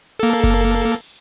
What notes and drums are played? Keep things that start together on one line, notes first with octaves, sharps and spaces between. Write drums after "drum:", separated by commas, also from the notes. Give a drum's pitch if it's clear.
A#3 A4, drum: hi-hat
drum: kick F#1, hi-hat
drum: open hi-hat